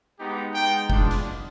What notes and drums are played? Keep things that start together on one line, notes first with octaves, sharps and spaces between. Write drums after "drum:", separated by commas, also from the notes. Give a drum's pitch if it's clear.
G#3 B3 D#4 G4
G#3 B3 D#4 G5
G#3 B3 D4 F4, drum: kick F1
drum: hi-hat